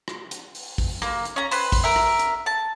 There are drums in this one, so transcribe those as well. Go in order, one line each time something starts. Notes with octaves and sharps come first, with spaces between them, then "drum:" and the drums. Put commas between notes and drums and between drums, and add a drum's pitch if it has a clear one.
drum: rim click
drum: hi-hat
drum: open hi-hat
drum: kick, open hi-hat
A#3, drum: rim click
drum: hi-hat
C#4 A#5
B4 C5, drum: open hi-hat
drum: kick, open hi-hat
A#4 E5
drum: rim click
drum: hi-hat
A5